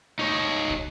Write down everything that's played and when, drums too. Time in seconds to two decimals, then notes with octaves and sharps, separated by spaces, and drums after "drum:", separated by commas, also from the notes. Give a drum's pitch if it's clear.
0.19 D#4 C#5
0.70 drum: kick